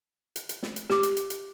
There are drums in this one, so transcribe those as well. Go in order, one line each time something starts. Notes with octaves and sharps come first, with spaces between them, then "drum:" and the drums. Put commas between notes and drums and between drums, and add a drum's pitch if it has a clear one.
drum: hi-hat
drum: hi-hat
drum: snare
drum: hi-hat
G4 D6, drum: snare
drum: hi-hat
drum: hi-hat
drum: hi-hat